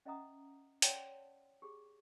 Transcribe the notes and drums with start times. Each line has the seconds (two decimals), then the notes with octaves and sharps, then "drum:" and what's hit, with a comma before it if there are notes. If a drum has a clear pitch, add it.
0.05 C#4 D#5 E5 F#5 A#5 D#6
0.82 C#5 D5 F#5 G5 A5 C6, drum: hi-hat
1.62 G4 G#4